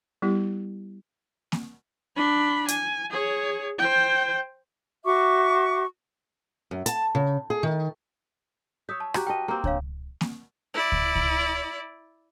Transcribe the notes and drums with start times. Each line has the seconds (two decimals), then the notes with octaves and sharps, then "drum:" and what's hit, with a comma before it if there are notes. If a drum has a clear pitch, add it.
0.22 G3 B3 E4 G4
1.52 drum: snare A#3
2.16 D4 B5
2.68 G#5, drum: hi-hat
3.11 G#4 C#5
3.78 C5 G5
5.05 F#4 E5 C#6 D6
6.71 F#2
6.86 A5, drum: hi-hat
7.15 C#3
7.50 G#4
7.63 D#3
8.89 C#5 E5 D#6 G6
9.00 A5
9.14 F#4 G4 A#5, drum: rim click
9.27 A#4 B4 D#5 G5 A5 D#7
9.48 A#3 C4 G4 A#5
9.64 D4 C#5 F5, drum: kick C#2
10.21 drum: snare A#3
10.74 E4 D5
10.92 drum: kick C#2
11.15 drum: kick C#2